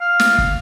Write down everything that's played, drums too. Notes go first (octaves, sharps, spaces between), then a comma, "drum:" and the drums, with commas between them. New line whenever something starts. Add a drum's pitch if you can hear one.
F5
drum: snare
drum: kick